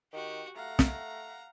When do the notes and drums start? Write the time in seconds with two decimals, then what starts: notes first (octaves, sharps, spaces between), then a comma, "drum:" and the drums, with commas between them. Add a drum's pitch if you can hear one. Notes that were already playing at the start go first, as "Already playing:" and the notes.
0.13 D#3 F#4 G4
0.56 A3 F5 F#5 A#5
0.79 drum: snare